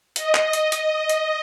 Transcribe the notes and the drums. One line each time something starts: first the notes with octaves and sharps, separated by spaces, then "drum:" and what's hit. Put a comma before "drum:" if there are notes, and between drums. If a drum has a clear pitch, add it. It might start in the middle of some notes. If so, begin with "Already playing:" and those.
D#5, drum: hi-hat
drum: clap
drum: hi-hat
drum: hi-hat
drum: hi-hat